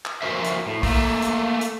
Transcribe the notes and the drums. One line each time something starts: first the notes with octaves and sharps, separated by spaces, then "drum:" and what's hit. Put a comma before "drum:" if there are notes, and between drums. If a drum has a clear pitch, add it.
drum: clap
F3 G#3 F#4 A#4 C5 E5
drum: hi-hat
A2
A3 A#3, drum: kick, open hi-hat
drum: hi-hat
drum: hi-hat